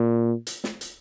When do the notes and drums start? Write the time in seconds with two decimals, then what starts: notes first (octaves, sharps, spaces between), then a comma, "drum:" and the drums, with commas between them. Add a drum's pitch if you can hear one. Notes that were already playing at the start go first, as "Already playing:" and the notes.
Already playing: A#2
0.47 drum: hi-hat
0.64 drum: snare
0.81 drum: hi-hat